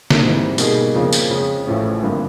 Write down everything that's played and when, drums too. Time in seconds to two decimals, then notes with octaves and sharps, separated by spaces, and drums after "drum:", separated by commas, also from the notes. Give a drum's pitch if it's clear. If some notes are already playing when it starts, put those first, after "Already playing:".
0.10 drum: snare
0.22 G#2 E3 G3 C4
0.58 B2 G3 A#3 D#4 G#4, drum: tambourine
0.94 F2 C#3 F3 A#3 D4
1.13 drum: tambourine
1.30 F2 C#3 F3 G#3 C#4
1.66 A1 A2 F3 A3 C#4
2.03 G#1 G2 D3 F3 A#3